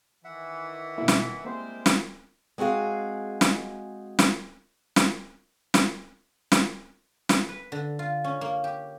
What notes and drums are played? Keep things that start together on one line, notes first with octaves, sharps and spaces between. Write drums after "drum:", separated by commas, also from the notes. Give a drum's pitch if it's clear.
D#3 E3 E5 F#5
B2 A#3 E4
drum: snare
G3 G#3 A#3 C4 G#4 A#4 C5
drum: snare
G#3 C4 F#4 G#4 F5
drum: snare
drum: snare
drum: snare
drum: snare
drum: snare
drum: snare
B4
D3
F4
C#4
A#3
G4